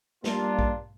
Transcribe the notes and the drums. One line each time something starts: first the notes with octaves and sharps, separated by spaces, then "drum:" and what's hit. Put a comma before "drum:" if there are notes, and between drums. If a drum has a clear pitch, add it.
G3 A#3 D4 F4, drum: snare
drum: kick A#1